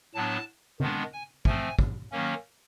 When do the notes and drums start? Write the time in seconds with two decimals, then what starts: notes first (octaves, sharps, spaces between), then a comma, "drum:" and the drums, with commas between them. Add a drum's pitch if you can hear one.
0.14 A2 F#3 B3 D4 A5
0.80 D#3 G#3 B3 D4, drum: tom C#3
1.13 G#5
1.45 F3 A3 C4 G#5, drum: kick
1.79 drum: kick
2.12 D#3 F#3 A#3 C#4